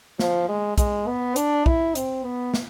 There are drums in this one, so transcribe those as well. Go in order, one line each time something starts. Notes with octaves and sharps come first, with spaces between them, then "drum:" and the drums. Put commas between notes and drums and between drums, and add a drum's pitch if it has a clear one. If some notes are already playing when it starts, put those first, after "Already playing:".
F3, drum: snare
G#3
G#3, drum: kick, hi-hat
B3
D4, drum: hi-hat
E4, drum: kick
C4, drum: hi-hat
B3
drum: snare